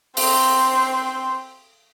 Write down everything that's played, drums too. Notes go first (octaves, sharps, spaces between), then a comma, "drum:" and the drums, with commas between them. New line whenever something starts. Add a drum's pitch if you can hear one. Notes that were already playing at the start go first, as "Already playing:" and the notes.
C4 C5, drum: open hi-hat